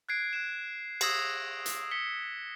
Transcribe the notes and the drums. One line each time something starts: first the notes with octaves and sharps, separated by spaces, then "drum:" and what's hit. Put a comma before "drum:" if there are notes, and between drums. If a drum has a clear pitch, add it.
F#6 G#6 C7 D7
F#6 E7
D#6 E6 G#6 A#6 C7 E7, drum: cymbal
drum: hi-hat
B6 C#7 G7